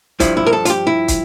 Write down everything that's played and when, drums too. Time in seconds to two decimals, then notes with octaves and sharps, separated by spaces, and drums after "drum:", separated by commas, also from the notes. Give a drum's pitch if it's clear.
0.20 G2 F3 E4, drum: kick, hi-hat
0.37 E4
0.47 A#4
0.53 A4
0.65 F4, drum: hi-hat
0.70 G4
0.87 E4
1.08 drum: kick, hi-hat